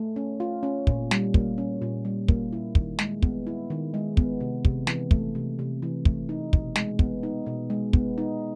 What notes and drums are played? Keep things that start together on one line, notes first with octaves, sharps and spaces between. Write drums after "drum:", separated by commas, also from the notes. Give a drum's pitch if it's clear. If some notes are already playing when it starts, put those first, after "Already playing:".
Already playing: A3
C#4
F4
C#4
A#2, drum: kick
G3, drum: snare
A#3, drum: kick
C#4
A#2
G3
A#3, drum: kick
E4
D#3, drum: kick
G#3, drum: snare
B3, drum: kick
E4
D#3
G#3
B3, drum: kick
C3
C3, drum: kick
E3, drum: snare
A3, drum: kick
C3
C3
E3
A3, drum: kick
D#4
B2, drum: kick
G#3, drum: snare
B3, drum: kick
D#4
B2
G#3
B3, drum: kick
D#4